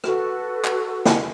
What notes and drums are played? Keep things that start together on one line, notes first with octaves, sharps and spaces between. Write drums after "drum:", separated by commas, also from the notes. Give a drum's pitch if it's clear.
F#4 A4 B4, drum: rim click
drum: clap
drum: snare